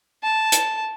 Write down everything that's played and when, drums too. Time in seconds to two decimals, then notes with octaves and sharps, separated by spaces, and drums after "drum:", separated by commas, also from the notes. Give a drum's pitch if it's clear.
0.23 A5
0.52 drum: hi-hat